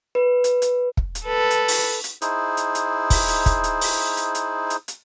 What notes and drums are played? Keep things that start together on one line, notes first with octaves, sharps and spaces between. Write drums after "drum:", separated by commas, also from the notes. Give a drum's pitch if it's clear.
B4
drum: hi-hat
drum: hi-hat
drum: kick
drum: hi-hat
A4 B4
drum: hi-hat
drum: open hi-hat
drum: hi-hat
D#4 E4 G#4 C5, drum: hi-hat
drum: hi-hat
drum: hi-hat
drum: kick, open hi-hat
drum: hi-hat
drum: kick, hi-hat
drum: hi-hat
drum: open hi-hat
drum: hi-hat
drum: hi-hat
drum: hi-hat
drum: hi-hat